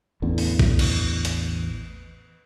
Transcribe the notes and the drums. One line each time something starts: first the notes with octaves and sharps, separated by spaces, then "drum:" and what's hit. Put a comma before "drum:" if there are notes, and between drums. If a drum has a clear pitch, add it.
A1 E2 D3
drum: open hi-hat
drum: kick
drum: cymbal
drum: hi-hat